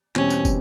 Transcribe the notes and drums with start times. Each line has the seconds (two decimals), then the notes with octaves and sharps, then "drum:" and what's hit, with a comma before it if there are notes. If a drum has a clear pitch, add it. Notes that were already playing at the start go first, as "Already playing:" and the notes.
0.16 E2 B2 G3 C4 C#4, drum: clap
0.30 drum: tambourine
0.45 drum: kick, tambourine